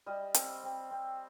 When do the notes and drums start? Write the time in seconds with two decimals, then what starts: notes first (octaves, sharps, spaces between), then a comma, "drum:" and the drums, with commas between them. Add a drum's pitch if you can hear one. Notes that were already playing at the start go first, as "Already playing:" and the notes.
0.06 G3 D#5
0.34 C4, drum: hi-hat
0.63 C4
0.91 C4